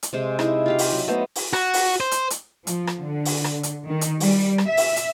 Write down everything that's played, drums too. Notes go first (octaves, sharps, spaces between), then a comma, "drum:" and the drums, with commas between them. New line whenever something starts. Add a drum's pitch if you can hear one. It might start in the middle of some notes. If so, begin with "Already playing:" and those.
drum: hi-hat
C3 G#3 C5
G#3 D#4 E4 G#4, drum: rim click
F4 G4 F5
drum: open hi-hat
F#3
A3 B3 C5 D#5
drum: open hi-hat
F#4, drum: rim click
drum: open hi-hat
C5
drum: hi-hat
drum: hi-hat
F3, drum: hi-hat
drum: rim click
D3
drum: open hi-hat
drum: rim click
drum: hi-hat
D#3
drum: hi-hat
G3, drum: open hi-hat
drum: rim click
E5
drum: open hi-hat
drum: hi-hat